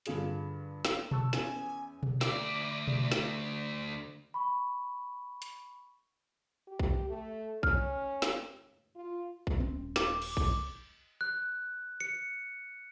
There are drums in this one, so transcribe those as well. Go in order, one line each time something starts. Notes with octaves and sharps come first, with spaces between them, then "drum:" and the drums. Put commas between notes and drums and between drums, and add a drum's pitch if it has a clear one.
G2 D3 F4 G#4 E7, drum: hi-hat
drum: snare
A5 C#6 E6, drum: tom B2
E2 C#4 G#5 E7, drum: snare
drum: tom B2
D2 D5, drum: snare
drum: tom B2
drum: snare
B5 C#6
drum: hi-hat
G4
drum: kick A#1
A3
C#4 F6, drum: kick A#1
drum: snare
F4
drum: kick A#1
D#1 C4 C#4
D6, drum: snare
drum: cymbal
drum: kick A#1
F#6
C#7